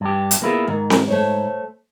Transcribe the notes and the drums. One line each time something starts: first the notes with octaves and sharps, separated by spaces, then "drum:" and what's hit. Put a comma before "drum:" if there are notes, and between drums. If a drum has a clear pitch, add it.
G2 G4
drum: hi-hat
A#3 B3 E4 F4 G#4
G#2 D#3
drum: snare C4
A3 C5 C#5